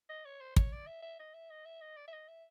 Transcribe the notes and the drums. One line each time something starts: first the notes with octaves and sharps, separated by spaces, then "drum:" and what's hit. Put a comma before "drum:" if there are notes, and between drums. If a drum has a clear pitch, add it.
D#5
C#5
C5
C#5, drum: kick
D5
E5
E5
D#5
E5
D#5
E5
D#5
D5
E5
D#5
E5